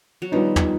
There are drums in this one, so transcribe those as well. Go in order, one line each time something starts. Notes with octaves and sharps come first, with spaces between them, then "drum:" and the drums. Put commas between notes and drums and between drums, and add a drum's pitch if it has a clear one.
F#3
D#3 F3 G3 B3 D#4
drum: tom